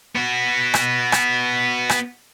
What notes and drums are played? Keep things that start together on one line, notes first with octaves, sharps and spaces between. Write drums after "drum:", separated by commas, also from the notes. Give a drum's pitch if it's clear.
B3 F#4
drum: rim click
drum: rim click
drum: rim click